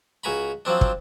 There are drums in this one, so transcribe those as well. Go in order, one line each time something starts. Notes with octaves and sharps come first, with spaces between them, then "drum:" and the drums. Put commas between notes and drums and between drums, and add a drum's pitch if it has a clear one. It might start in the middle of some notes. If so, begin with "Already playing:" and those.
C#2 F#4 G#5 A#5 B5
F3 F#3 C4 D4
drum: kick